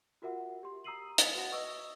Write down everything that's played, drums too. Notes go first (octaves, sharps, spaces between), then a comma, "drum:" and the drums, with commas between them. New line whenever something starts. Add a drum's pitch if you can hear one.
F4 F#4 A#4 E5 F#5
G4 C6
A#5 D#6 E6 C7 D#7 F#7
E5 F5 D#6 A6 B6 C#7, drum: hi-hat
F#4 F#5 A#6
B4 D#5 C#6 D#6 E6